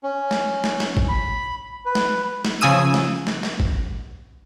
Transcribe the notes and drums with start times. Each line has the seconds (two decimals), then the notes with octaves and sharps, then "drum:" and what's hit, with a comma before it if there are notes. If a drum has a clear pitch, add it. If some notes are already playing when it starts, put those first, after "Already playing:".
0.03 C#4
0.31 drum: snare
0.64 drum: snare
0.80 drum: snare
0.97 drum: kick G#1
1.09 B5
1.85 B4
1.95 drum: snare
2.45 drum: snare
2.61 C#3 F3 G#5 D#6 E6 D#7
2.94 drum: snare
3.27 drum: snare
3.43 drum: snare
3.60 drum: kick G#1